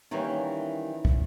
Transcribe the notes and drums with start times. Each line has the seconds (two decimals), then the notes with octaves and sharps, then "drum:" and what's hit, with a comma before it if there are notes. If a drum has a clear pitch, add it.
0.11 D#3 E3 G3 A#3 C#4
1.05 drum: kick